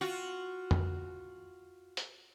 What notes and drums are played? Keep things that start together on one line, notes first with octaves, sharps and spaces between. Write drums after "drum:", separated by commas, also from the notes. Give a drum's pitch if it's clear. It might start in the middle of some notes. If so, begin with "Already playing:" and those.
F4 F#4
drum: tom F2
drum: hi-hat